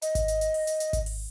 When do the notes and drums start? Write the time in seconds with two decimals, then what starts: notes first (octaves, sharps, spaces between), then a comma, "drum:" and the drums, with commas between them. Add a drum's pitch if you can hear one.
0.02 D#5, drum: hi-hat
0.15 drum: kick G#1, hi-hat
0.28 drum: hi-hat
0.41 drum: hi-hat
0.54 drum: open hi-hat
0.67 drum: hi-hat
0.80 drum: hi-hat
0.93 drum: kick G#1, hi-hat
1.06 drum: open hi-hat